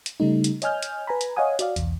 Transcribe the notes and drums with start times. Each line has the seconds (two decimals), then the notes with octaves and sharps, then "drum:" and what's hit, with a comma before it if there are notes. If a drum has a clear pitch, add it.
0.06 drum: hi-hat
0.20 C#3 G3 A3 D#4
0.44 drum: hi-hat
0.62 C#5 D#5 G#5 F6 G6, drum: hi-hat
0.83 drum: hi-hat
1.07 B4 G#5 A#5 B5
1.21 drum: hi-hat
1.36 C#5 D#5 F5 F#5 G#5 D#6
1.59 F#4 D5 F5, drum: hi-hat
1.76 B1 E2, drum: hi-hat